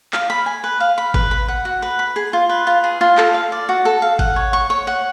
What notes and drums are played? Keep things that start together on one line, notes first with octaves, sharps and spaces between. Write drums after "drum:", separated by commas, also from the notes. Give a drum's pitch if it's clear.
F5, drum: clap
B5
G#5
B4
F5
B5
B4, drum: kick G#1
B5
F#5
F#4
B4
B5
G#4
F4
B4
F4
G#4
F4
A4, drum: clap
F5
D5
F#4
A4
F5
F#5, drum: kick G#1
C#5
C#6
C#5
F#5